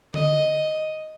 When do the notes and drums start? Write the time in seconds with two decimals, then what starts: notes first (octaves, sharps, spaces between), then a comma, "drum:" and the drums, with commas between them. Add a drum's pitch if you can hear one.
0.14 D#5, drum: tom D3